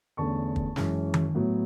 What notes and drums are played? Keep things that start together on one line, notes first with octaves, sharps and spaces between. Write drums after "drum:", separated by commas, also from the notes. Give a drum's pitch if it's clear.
E2 D3 A3 C#4 A5 C#6
drum: kick
F#2 E3 G#3 C#4, drum: snare
drum: tom D#3
A2 F#3 B3